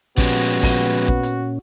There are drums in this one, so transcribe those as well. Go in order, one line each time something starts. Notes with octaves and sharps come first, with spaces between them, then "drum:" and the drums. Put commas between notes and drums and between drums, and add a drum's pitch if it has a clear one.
A#2 F3 G#3 B3 C#4 F#4 G4, drum: kick A1
drum: hi-hat
drum: kick A1, open hi-hat
drum: kick A1
drum: hi-hat